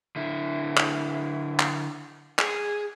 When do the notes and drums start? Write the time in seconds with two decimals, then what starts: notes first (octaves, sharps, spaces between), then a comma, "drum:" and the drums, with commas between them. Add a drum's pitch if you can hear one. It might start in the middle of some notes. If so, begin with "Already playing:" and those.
0.16 D3 E4
0.78 drum: clap
1.60 drum: clap
2.39 G#4, drum: clap